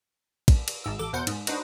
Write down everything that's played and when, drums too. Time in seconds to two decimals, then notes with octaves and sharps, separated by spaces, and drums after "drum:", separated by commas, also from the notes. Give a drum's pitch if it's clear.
0.48 drum: kick, cymbal
0.68 drum: cymbal
0.84 G#1 G#2 E6
0.99 A1 A4 D6
1.13 E2 B2 A#4 C5 F#5 G6
1.27 G#2, drum: cymbal
1.47 D4 D#4 F#4 B4 C5 D#5, drum: cymbal